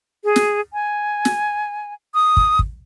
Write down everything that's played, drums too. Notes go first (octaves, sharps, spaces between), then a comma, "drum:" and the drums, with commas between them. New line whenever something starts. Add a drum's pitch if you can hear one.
G#4
drum: snare
G#5
drum: snare
D#6
drum: kick
drum: kick